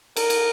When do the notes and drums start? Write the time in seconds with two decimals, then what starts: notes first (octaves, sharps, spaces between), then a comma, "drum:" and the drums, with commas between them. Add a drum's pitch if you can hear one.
0.16 A#4, drum: cymbal
0.30 drum: cymbal